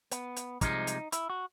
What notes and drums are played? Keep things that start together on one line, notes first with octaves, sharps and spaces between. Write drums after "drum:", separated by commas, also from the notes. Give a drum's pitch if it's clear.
B3, drum: hi-hat
drum: hi-hat
C2 C3 F3 G#3 D#4, drum: kick, hi-hat
drum: hi-hat
E4, drum: hi-hat
F#4